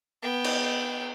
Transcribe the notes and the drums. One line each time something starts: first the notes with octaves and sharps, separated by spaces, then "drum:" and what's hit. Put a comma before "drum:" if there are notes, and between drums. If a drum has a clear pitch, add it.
B3 G5
drum: cymbal